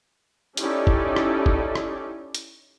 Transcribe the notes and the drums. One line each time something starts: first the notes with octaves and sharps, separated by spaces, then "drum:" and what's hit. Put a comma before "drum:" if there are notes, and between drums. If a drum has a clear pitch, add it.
C#4 D#4 E4 G4 A4 D5, drum: hi-hat
drum: kick
drum: rim click
drum: kick
drum: rim click
drum: hi-hat